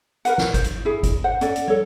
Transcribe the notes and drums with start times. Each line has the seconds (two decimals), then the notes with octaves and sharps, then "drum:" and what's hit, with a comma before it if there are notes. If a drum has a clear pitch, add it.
0.25 A#4 B4 F#5, drum: hi-hat
0.38 drum: snare
0.54 C5, drum: kick G#1, hi-hat
0.64 drum: hi-hat
0.85 E4 G#4
1.03 drum: kick G#1, hi-hat
1.24 C5 F#5
1.41 C#4 A4 D5 F#5, drum: hi-hat
1.56 drum: hi-hat
1.68 A4 C#5, drum: tom